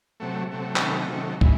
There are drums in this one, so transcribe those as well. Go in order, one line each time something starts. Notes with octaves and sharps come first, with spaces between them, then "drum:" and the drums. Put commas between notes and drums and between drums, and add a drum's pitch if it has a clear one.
C3 F#3 A3
C3 F#3 A3
C4, drum: clap
C3 D#3 F#3 A3 C#4
C3 D#3 F#3 A3 C#4
E3 G#3 E4, drum: kick